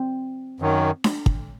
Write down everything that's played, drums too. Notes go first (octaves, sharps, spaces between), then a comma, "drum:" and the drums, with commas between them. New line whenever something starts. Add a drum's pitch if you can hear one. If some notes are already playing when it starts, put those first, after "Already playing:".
Already playing: C4
F#2 D#3 F#3
drum: snare D4
drum: kick